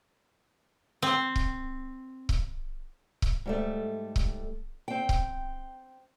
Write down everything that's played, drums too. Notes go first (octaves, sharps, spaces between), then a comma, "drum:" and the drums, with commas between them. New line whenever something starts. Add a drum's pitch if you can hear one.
C4
drum: kick C#1
drum: kick C#1
drum: kick C#1
G#2 G3 A3
drum: kick C#1
C4 G5
drum: kick C#1